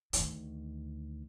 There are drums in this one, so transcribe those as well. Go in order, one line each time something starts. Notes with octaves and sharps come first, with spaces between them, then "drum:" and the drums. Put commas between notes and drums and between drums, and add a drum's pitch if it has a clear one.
D2 D#3, drum: hi-hat